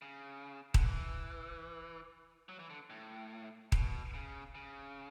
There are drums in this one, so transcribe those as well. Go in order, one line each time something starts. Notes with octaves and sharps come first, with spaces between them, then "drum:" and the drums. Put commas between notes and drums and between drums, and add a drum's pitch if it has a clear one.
C#3
D3, drum: kick D#1
E3
F#3
E3
D3
A2
B2, drum: kick D#1
C#3
C#3